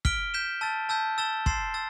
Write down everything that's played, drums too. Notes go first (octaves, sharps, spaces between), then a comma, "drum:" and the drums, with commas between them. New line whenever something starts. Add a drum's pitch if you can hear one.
F6 B6 D7 G7, drum: kick
G6 B6 E7
A5 E6 A6
A5 E6 G6 B6
E6 A6 E7 G7
C6 E6 A6 C7 E7, drum: kick
E6 A6